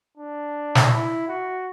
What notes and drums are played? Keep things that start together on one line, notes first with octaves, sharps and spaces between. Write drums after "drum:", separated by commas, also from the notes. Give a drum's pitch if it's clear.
D4
drum: snare
E4
F#4